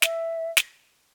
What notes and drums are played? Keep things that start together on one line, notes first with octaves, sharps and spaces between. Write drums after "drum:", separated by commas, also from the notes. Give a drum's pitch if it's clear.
E5, drum: snare
drum: snare